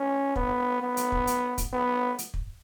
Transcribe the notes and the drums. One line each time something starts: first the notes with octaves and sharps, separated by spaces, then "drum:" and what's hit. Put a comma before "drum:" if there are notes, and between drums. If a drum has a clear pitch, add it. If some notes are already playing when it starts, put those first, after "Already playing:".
Already playing: C#4
B3, drum: kick
B3
drum: hi-hat
drum: kick
drum: hi-hat
drum: kick, hi-hat
B3
drum: hi-hat
drum: kick